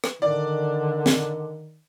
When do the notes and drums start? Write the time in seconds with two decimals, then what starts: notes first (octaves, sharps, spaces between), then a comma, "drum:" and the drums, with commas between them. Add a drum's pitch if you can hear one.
0.04 drum: rim click
0.22 D3 D#3 D5
1.06 drum: snare